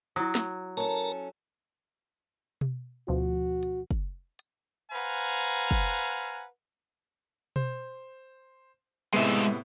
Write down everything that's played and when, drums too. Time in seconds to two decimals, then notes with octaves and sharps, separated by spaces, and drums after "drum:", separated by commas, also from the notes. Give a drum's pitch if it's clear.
0.16 F#3 E4 D#6
0.35 drum: snare
0.77 C#4 A4 A#4 A5 A#5
2.61 drum: tom B2
3.08 D2 B2 F3 F#4
3.63 drum: hi-hat
3.91 drum: kick
4.39 drum: hi-hat
4.92 B4 C5 F5 F#5 G#5 A#5
5.71 drum: kick
7.56 C5, drum: tom B2
9.14 A2 C3 G#3 B3 E5